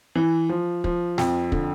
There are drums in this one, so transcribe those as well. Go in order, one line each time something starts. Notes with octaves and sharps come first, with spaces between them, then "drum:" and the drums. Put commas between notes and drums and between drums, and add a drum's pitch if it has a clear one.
E3
F3
F3, drum: kick
F2, drum: snare
D3, drum: kick